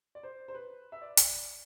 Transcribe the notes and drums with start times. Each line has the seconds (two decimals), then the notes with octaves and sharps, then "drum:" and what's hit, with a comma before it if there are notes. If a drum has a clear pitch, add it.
0.15 D5
0.23 C5
0.48 C5
0.54 B4
0.92 E5
1.02 D5
1.17 drum: hi-hat